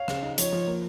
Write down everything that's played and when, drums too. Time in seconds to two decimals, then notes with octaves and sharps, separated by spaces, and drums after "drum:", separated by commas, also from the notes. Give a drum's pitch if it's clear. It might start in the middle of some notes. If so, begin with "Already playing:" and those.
Already playing: C#5 F5
0.08 C#3, drum: rim click
0.22 D#4
0.38 F3 C#5, drum: hi-hat
0.52 F3
0.67 A#3